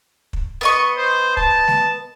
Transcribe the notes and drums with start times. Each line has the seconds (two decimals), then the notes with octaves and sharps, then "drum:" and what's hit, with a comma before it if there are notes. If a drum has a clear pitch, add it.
0.33 drum: kick
0.61 B3 D#5 C#6
0.98 C5
1.37 A5, drum: kick
1.68 drum: snare